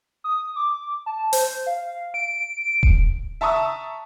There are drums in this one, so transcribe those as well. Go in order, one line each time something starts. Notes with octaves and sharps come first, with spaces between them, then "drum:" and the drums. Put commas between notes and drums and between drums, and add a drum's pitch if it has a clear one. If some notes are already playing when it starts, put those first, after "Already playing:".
D#6
D6
A5
C5, drum: hi-hat
F5
D7
drum: kick D#1
E5 A5 A#5 C#6 D#6 E6